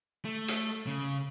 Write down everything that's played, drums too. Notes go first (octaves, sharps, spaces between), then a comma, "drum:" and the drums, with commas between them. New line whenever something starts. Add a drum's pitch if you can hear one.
A3
drum: hi-hat
C#3